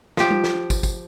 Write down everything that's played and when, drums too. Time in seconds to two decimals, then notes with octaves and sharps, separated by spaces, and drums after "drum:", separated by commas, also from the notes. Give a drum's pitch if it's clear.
0.17 F3 G4, drum: snare
0.31 drum: tom G3
0.44 drum: snare
0.70 drum: kick, tambourine
0.83 drum: kick, tambourine